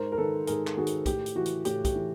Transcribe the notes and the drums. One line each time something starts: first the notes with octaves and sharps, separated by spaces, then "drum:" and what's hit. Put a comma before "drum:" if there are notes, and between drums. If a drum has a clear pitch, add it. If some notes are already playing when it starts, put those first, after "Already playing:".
Already playing: G#2 A#4 C5
A#4
D#3 A4 B4
G#2 G#4 A#4, drum: hi-hat
drum: clap
D#3 F#4 G#4
drum: hi-hat
A2 G4, drum: kick, hi-hat
drum: hi-hat
E3 F#4
drum: hi-hat
A2 G4, drum: hi-hat
G4, drum: kick, hi-hat
E3